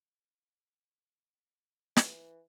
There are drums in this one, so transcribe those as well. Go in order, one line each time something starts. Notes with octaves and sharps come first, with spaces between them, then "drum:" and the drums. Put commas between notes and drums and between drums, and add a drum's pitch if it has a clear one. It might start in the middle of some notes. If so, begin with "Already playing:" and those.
E3, drum: snare